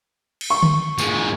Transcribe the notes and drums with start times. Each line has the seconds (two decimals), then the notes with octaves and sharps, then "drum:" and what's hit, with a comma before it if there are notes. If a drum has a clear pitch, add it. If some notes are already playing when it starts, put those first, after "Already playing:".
0.41 drum: cymbal
0.50 C#6
0.63 drum: tom D3
0.98 A#2 G#3, drum: tambourine